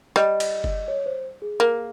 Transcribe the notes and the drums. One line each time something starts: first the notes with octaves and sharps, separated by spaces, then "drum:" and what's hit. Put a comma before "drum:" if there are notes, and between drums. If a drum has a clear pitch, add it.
G3 D#5, drum: rim click
drum: cymbal
drum: kick F#1
C#5
C5
G#4
A#3